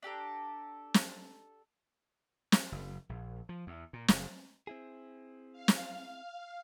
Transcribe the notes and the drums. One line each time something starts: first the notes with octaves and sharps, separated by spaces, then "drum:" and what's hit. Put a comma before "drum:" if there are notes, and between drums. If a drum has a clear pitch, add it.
D4 G4 A4 A#5
drum: snare
drum: snare
F#1
A#1
F3
E2
A#2
F#1, drum: snare
C4 E4 G#4
F5
drum: snare